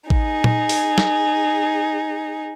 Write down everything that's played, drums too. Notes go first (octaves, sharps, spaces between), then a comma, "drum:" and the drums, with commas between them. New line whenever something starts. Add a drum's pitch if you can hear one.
D#4 G#4, drum: kick A1
drum: tom
drum: open hi-hat
drum: snare